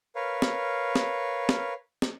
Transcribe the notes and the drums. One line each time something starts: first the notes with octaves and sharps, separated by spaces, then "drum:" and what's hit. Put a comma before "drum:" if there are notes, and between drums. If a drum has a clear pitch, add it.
A#4 B4 C#5 F5
drum: snare
drum: snare
drum: snare
drum: snare